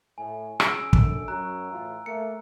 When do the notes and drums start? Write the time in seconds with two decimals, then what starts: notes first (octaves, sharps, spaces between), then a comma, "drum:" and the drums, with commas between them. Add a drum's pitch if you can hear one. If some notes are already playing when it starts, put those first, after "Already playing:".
0.18 A2 G#5
0.60 C#3 G#4 E6 D7, drum: rim click
0.93 F#2 D4 A4, drum: kick
1.28 F#2 F#3 A#5 F#6
1.72 A2 E3 F4
2.06 A3 A#3 C#7